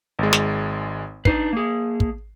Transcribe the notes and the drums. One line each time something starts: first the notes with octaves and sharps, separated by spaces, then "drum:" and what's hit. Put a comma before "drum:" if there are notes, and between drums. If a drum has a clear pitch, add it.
G#1 G#3
drum: snare
D4 D#4 B4 C7, drum: kick
A#3 G#4
drum: kick